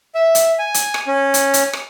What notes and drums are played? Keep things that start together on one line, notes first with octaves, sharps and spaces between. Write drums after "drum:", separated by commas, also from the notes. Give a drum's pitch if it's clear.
E5
drum: hi-hat
G#5
drum: hi-hat
drum: rim click
C#4
drum: hi-hat
drum: hi-hat
drum: rim click